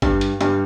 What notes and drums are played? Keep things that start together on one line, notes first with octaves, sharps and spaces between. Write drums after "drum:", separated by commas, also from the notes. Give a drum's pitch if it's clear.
G2 G3, drum: kick G#1, hi-hat
drum: hi-hat
G2 G3, drum: hi-hat